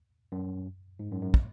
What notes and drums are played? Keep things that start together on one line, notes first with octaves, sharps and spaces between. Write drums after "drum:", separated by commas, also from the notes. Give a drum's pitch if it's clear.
F#2
G#2
F#2
F#2
drum: kick